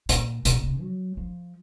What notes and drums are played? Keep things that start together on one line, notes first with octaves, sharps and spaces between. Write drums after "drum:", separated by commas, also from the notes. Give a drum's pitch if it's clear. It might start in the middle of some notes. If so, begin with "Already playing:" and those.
A#2, drum: hi-hat
B2, drum: hi-hat
C3
F#3
F3